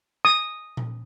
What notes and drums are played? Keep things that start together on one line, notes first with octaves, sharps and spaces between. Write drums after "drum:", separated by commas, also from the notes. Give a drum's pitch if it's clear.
D#6
drum: tom A#2